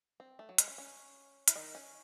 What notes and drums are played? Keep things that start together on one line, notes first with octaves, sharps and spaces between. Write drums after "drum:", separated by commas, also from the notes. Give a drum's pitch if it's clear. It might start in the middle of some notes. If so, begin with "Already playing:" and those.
C4
A3
F#3
G#3, drum: hi-hat
C#4
C#4
E4, drum: hi-hat
D#3 D#4
C#4